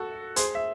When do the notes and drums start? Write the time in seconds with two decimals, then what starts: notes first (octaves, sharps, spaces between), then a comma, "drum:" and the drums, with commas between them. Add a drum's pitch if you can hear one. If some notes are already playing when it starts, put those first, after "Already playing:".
Already playing: F#4 A4
0.36 G#4 C5, drum: hi-hat
0.55 E5